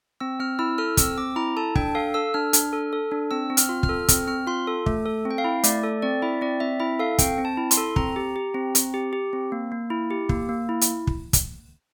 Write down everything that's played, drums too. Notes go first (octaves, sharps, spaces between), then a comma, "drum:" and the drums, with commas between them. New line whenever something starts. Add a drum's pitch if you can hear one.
C4 E6
C4 F6
E4 E6
A4 F6
C4 E6, drum: kick, hi-hat
C4 D6
E4 A#5
A4 A5
D4 G5, drum: kick
A4 F5
A4 E6
D4 F6
D4, drum: hi-hat
A4
A4
D4
C4 E6
C4
F6, drum: hi-hat
F4
F6, drum: kick
A4
C4 F6, drum: kick, hi-hat
C4 F6
F4 C6
A4
A3, drum: kick
A4
C4
G5
F5
E4
A3 D5, drum: hi-hat
A4
C4 D5
E4 E5
C4 D5
C4 E5
E4 E5
A4 F5
C4 G5, drum: kick, hi-hat
C4
A5
E4
C6, drum: hi-hat
A4
C4 A#5, drum: kick
G4
G4
C4
C4, drum: hi-hat
G4
G4
C4
A#3
A#3
E4
G4
A#3, drum: kick
A#3
E4
drum: hi-hat
drum: kick
drum: kick, hi-hat